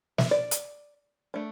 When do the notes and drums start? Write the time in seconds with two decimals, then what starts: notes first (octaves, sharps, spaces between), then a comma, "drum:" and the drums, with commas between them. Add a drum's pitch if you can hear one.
0.18 E5, drum: snare
0.31 D5
0.51 drum: hi-hat
1.34 A3 D4